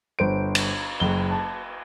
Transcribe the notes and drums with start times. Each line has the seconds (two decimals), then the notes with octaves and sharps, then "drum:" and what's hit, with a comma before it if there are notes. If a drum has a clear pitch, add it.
0.19 G1 C5 D7
0.55 drum: cymbal
1.00 F#1 G7
1.31 A5